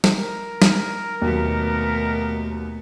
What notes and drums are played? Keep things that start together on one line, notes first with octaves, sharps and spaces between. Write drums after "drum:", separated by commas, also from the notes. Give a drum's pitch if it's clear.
drum: snare
A#4
drum: snare
D#2 B2 F#3 A3 B3